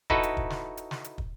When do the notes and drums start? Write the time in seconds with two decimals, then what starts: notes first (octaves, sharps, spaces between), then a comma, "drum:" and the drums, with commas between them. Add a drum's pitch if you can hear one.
0.10 D#4 E4 F#4 A4 B4, drum: kick
0.23 drum: hi-hat
0.37 drum: kick
0.50 drum: snare
0.77 drum: hi-hat
0.91 drum: snare
1.04 drum: hi-hat
1.18 drum: kick